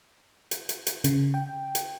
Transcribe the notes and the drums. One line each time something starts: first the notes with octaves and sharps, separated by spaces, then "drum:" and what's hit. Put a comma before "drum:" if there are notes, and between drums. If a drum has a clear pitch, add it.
drum: hi-hat
drum: hi-hat
drum: hi-hat
C#3, drum: hi-hat
G5
drum: hi-hat